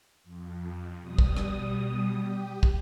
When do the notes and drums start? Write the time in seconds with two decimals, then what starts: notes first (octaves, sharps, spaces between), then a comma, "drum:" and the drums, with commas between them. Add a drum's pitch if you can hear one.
0.24 F2
1.00 B2 G3 D#6
1.18 drum: kick
1.37 drum: rim click
2.14 G4
2.63 drum: kick